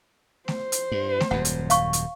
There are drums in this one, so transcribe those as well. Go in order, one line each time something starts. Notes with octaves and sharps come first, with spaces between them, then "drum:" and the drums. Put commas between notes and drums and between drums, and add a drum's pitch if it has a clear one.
C5, drum: snare A3
drum: hi-hat
G2
drum: snare A3
D#1 F#2 F#5
drum: hi-hat
F5 C#6, drum: hi-hat
drum: hi-hat